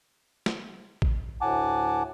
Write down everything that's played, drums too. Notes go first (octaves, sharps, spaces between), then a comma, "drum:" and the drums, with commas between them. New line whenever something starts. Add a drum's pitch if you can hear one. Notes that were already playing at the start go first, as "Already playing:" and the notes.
drum: snare
drum: kick A1
D2 A2 F#5 G#5 A5 D6